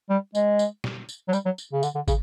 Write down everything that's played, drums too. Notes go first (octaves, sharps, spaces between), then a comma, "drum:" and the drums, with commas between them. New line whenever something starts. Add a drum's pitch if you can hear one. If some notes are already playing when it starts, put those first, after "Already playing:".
G3
G#3, drum: tambourine
drum: tambourine
drum: snare
drum: tambourine
F#3
G3, drum: tambourine
F#3
drum: tambourine
C#3
D3, drum: tambourine
D3
C#3, drum: kick, tambourine